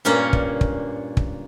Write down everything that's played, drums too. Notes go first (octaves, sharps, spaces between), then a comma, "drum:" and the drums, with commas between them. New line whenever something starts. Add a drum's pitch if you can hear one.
G2 A#2 A#3 C#4 C#5
drum: kick
drum: kick
drum: kick